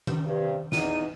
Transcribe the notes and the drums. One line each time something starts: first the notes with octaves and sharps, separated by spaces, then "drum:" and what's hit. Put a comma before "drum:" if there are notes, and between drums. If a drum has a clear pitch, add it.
drum: tom D#3
G2 C3
E2 D#4 D#7, drum: snare